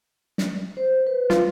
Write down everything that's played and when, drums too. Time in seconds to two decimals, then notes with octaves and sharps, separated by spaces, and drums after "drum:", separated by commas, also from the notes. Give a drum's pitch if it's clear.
0.38 drum: snare
0.77 C5
1.07 B4
1.30 F4, drum: snare